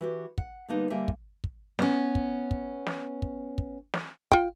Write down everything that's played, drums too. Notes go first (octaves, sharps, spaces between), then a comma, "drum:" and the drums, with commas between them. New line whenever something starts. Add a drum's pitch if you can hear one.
E3 F#4 G4
F#5, drum: kick
D3 G3 A#3 B3 D#4
D3 G3 A#3 E5 G#5
drum: kick
drum: kick
B3 C#4, drum: snare
drum: kick
drum: kick
drum: snare
drum: kick
drum: kick
drum: snare
F4 G5, drum: kick